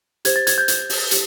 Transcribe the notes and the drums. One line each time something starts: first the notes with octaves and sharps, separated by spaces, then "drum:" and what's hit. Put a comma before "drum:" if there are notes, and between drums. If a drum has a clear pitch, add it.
G4 C5 G#6, drum: hi-hat
A6
G#6, drum: hi-hat
G6
drum: hi-hat
drum: open hi-hat
G4, drum: hi-hat